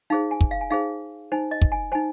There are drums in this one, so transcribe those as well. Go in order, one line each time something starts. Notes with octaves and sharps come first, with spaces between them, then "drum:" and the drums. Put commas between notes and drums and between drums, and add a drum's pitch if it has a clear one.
D#4 G#4 C5 F5
G#5
drum: kick
F5
G#5
D#4 G#4 C5 F5
D#4 C5 G#5
D#5
drum: kick
G#5
D#4 C5 G#5